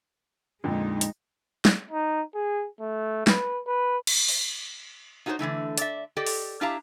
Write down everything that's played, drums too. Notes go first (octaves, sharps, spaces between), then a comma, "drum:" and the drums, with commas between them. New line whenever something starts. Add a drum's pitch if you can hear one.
F2 A#2 D3 G#3 D#4
drum: hi-hat
drum: snare
D#4
G#4
A3
B4, drum: snare
B4
drum: cymbal
drum: open hi-hat
D#4 F4 F#4 G#4 C5 C#5
D3 E3 A3 D#4
D5 E5, drum: hi-hat
G4 A4 D5 D#5
drum: open hi-hat
D4 E4 G4 F5 A5 A#5